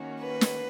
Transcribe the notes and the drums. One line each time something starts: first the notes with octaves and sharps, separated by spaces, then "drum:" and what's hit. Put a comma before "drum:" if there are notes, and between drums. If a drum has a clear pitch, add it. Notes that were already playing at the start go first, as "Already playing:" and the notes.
Already playing: D#3 A#3 C#4 F#4
B4
drum: snare